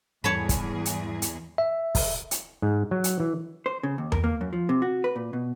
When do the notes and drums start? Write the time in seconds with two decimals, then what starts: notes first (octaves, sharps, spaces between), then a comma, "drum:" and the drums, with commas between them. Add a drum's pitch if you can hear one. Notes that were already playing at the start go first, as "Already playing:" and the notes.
0.24 E2 G#2 G3 G#4 C#5 A5 B5
0.49 drum: kick, hi-hat
0.85 drum: hi-hat
1.22 drum: hi-hat
1.58 E5
1.95 drum: kick, open hi-hat
2.31 drum: hi-hat
2.62 G#2
2.91 F#3
3.04 drum: hi-hat
3.20 E3
3.66 C5
3.83 C#3
3.98 D#2
4.12 A#4, drum: tom E2
4.24 A#3
4.41 F#2
4.53 F3
4.69 C3
4.82 F#4
5.04 B4
5.16 A#2
5.33 B2